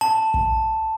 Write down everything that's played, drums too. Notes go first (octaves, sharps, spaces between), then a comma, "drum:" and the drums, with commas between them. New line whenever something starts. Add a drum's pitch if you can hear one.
A5
drum: kick